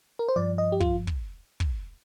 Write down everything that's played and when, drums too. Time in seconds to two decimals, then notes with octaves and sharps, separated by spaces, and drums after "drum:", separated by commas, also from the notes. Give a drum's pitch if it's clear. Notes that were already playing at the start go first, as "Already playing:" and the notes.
0.19 A#4
0.29 C5
0.36 G2 F3 D5
0.58 D#5
0.72 G4
0.80 F4, drum: kick
1.07 drum: kick
1.60 drum: kick